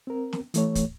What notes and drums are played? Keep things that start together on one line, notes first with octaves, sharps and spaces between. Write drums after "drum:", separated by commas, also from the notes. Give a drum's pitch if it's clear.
C4 A#4
drum: snare
E3 A3 C#5, drum: hi-hat
drum: kick, hi-hat